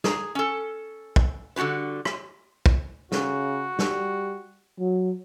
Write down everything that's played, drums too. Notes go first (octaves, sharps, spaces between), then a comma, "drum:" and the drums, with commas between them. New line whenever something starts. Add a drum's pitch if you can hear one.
G#4 A#5, drum: snare
C#4 A4
drum: kick
D3 G3 F#4 G4 B4
drum: rim click
drum: kick
C#3 F#4, drum: snare
G3, drum: snare
F#3